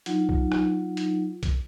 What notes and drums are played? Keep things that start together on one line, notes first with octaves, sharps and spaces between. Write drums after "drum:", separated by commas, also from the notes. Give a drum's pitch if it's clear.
F#3 D4 D#4 F4, drum: hi-hat
drum: kick B1
drum: rim click
drum: hi-hat
drum: kick B1, hi-hat